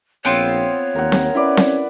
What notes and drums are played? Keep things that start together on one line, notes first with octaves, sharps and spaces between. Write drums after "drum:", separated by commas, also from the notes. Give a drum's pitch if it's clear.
A#1 B3 C4 F4 C#5
D#2 A#4 F#5
drum: snare C4
C#4 E4 B4 D5
drum: snare C4